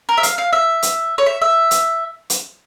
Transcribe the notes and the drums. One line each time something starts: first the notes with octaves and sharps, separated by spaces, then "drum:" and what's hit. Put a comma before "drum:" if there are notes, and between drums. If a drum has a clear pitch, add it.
A#4
E5
F5, drum: hi-hat
F5
E5
drum: hi-hat
C#5
E5
E5
drum: hi-hat
drum: hi-hat